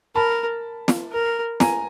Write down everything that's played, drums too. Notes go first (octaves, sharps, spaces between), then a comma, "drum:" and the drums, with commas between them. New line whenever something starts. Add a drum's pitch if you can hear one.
A#4 A5 B5
drum: snare
A#4
G#5 A#5, drum: snare